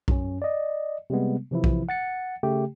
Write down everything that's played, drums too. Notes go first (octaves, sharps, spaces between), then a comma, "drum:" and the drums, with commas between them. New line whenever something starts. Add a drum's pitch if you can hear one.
F#2 C#4, drum: kick B1
D5 D#5
C3 G3 G#3 B3
C3 E3 F3 E4
drum: kick B1
F#5 A6 C#7
C#3 A3 G4 G5